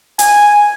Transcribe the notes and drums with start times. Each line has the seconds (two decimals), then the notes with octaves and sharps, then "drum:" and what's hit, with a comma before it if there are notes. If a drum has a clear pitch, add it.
0.19 G#5, drum: hi-hat